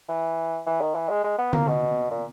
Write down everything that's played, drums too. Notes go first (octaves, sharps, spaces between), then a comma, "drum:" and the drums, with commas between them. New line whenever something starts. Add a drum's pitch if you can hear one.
E3
E3
D#3
E3
G#3
G#3
B3
A#3, drum: tom D3
B2
A#2